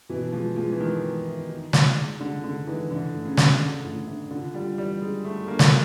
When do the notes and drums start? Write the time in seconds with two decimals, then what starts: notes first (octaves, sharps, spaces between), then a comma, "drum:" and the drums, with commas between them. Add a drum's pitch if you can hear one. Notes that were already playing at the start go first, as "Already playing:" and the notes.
0.09 B2 E3
0.33 F3 G#3
0.56 F3 G#3
0.72 E3
0.79 D#3 G#3
1.03 G#3
1.27 E4
1.50 D#4
1.73 D#4, drum: snare
1.97 G#3
2.20 D3 G#3
2.44 D3 G#3
2.67 E3 D#4
2.91 D3 E3
3.14 A2
3.25 C#3
3.37 E3, drum: snare
3.60 D3 D4
3.84 A2
4.08 D4
4.31 D3 F4
4.54 G3 F4
4.77 E3 G3
5.01 G#3 D4
5.25 A3 D4
5.48 A#3 D4
5.59 drum: snare